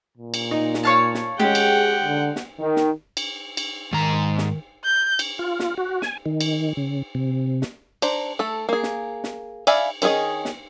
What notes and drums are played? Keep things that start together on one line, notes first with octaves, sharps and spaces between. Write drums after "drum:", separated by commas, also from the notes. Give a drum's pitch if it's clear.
A#2
drum: cymbal
D#4
drum: snare
C#5 F5 A5
drum: snare
G#3 C#4 G4 G#4 F#5 G5
drum: cymbal
D3
drum: snare
D#3
drum: snare
drum: cymbal
drum: cymbal
G#2 D#3 A#5
drum: snare
G6
drum: cymbal
F4
drum: snare
F#4
G#5, drum: snare
D#3
drum: cymbal
C#3
C3
drum: snare
D4 C5 A#5, drum: cymbal
A3 A4
A#3 G#4
drum: snare
drum: snare
D5 E5 F5 G#5 B5, drum: cymbal
D#3 C4 C#4 G#4 D#5, drum: cymbal
drum: snare